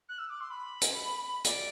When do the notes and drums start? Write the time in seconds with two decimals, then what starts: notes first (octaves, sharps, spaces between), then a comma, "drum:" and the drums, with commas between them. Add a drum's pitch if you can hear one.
0.09 F#6
0.18 E6
0.29 D6
0.40 C6
0.50 B5
0.82 drum: hi-hat
1.45 D5, drum: hi-hat